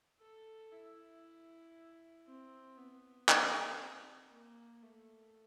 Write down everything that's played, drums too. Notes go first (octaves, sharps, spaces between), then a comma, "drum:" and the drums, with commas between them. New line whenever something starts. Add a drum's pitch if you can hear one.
A4
E4
C4
B3
C4, drum: clap
A#3
A3